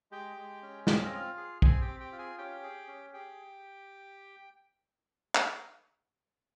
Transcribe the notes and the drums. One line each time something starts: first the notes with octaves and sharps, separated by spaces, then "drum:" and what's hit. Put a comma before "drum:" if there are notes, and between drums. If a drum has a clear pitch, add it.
G#3 G4 G5
G#3
C#4
C4 G5, drum: snare
F5
D#5
F4 F5
G#4
C4 G#4 G#5, drum: kick
G4 G5
C4
G4 G5
F4
G#4 G#5
C#4 G4 G5
G#4
C#4
G4 G#4 G5
drum: clap